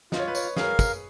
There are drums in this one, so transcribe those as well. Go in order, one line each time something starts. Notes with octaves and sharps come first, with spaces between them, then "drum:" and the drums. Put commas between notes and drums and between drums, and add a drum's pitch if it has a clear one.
F4 D#5, drum: snare
C#5
B4
C#5, drum: tambourine
G#4 A#4 F5, drum: snare
drum: kick, tambourine